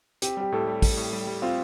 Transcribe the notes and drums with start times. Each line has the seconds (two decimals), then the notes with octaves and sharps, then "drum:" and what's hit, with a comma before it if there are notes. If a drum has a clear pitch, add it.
0.22 C4 G4, drum: hi-hat
0.37 G3 G4
0.52 A2 A4
0.67 G3
0.82 G3, drum: kick, open hi-hat
0.97 A2
1.13 G3
1.27 G3
1.42 C4 F4